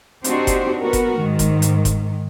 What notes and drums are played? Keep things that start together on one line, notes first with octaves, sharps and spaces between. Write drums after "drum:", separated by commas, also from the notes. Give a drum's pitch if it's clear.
C4 D4 D#4 F#4 G4 C5, drum: hi-hat
drum: kick F#1, hi-hat
B3 F#4 A#4
drum: kick F#1, hi-hat
G#2 D#3
drum: kick F#1, hi-hat
drum: hi-hat
drum: kick F#1, hi-hat